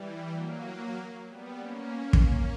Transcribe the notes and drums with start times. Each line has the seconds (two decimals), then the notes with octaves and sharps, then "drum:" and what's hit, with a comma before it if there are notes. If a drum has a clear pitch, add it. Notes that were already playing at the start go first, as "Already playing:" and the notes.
Already playing: E3 G3
0.33 F#3 A#3
1.27 G3 B3
1.57 A#3 C#4
2.13 drum: kick